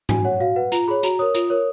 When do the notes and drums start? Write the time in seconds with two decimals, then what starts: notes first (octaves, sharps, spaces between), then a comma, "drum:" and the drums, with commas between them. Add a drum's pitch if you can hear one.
0.09 F#4 G#5, drum: tom G#2
0.25 C#5 F#5
0.40 F#4 F5
0.56 B4 F#5
0.72 F4 A#5, drum: hi-hat
0.88 G#4 C#5 B5
1.03 F#4 A#5, drum: hi-hat
1.19 A#4 C#5 D#6
1.35 F4, drum: hi-hat
1.50 A#4 C#5